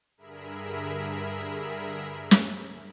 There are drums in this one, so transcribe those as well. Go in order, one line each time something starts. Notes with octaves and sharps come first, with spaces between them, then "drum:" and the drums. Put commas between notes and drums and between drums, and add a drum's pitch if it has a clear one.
G2 D3 G#4 A#4 E5 B5
drum: snare